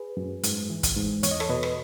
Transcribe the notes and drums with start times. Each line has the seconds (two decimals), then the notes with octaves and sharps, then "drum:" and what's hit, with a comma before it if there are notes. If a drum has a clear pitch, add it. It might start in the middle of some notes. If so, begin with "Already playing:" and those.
Already playing: G#4 B4
0.17 F#2
0.43 G#2, drum: hi-hat
0.70 E3
0.83 drum: kick, hi-hat
0.96 G#2
1.23 E2 C#5, drum: hi-hat
1.31 D#5
1.40 A4 C#5, drum: rim click
1.49 B2 B4 D#5
1.63 drum: rim click